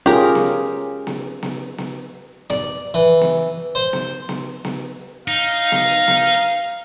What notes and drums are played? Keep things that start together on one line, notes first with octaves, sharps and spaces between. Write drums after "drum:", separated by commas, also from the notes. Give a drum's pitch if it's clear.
C#4 F4 G4 G#4 A#4
drum: snare B3
drum: snare B3
drum: snare B3
drum: snare B3
D5, drum: snare B3
E3
drum: snare B3
C5
drum: snare B3
drum: snare B3
drum: snare B3
D#4 F5
drum: snare B3
drum: snare B3